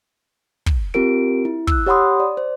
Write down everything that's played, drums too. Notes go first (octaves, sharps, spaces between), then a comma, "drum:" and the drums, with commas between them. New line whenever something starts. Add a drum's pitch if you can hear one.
drum: kick
C4 F4 G4 A#4 D7
E4
E6 F#6, drum: kick
G4 C#5 F#5 B5 C6 D#6
D5
C5